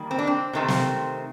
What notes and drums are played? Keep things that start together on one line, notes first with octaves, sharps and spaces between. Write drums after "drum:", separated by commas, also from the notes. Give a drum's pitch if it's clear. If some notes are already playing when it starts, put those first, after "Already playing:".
Already playing: D#3 G3 A#3
C4
D4
C4
C3 D#3 A3 C4
drum: snare